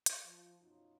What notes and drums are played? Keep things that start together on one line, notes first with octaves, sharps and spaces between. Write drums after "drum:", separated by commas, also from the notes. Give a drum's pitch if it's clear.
drum: hi-hat
F3
F#2 B2 F#3 D#4 F4